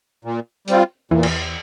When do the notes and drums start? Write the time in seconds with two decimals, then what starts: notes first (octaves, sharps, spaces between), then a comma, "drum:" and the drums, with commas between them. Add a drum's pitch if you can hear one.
0.25 A#2
0.67 G3 C4 F4, drum: hi-hat
1.11 E2 A#2 E3
1.23 drum: cymbal